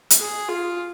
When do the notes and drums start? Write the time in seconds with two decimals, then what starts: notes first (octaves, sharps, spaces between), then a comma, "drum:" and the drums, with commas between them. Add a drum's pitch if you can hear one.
0.10 drum: hi-hat
0.20 G#4
0.48 F4